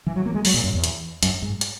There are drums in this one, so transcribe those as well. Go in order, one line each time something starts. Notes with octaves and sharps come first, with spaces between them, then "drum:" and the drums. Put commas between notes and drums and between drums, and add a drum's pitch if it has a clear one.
E3
F#3
A#3
G#3
F#3, drum: open hi-hat
A#2
F#2
E2
drum: hi-hat
F#2, drum: hi-hat
G#2
drum: hi-hat